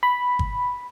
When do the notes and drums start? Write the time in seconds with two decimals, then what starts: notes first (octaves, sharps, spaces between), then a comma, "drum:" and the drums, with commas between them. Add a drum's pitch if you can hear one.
0.03 B5
0.39 drum: kick G1